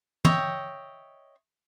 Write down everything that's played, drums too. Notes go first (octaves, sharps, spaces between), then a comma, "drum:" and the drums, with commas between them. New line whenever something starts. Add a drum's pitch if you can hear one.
C#5 D#5 E5 G5, drum: tom